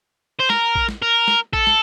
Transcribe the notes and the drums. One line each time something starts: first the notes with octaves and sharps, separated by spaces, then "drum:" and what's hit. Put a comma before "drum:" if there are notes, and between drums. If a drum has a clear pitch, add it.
C5
A#4, drum: snare
drum: kick A#1
drum: snare
A#4
drum: snare
A4, drum: kick A#1
drum: snare